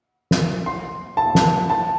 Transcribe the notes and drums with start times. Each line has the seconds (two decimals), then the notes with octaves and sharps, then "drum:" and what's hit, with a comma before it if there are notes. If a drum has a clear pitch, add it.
0.31 drum: snare
0.66 C6
1.17 A5
1.35 drum: snare
1.70 A5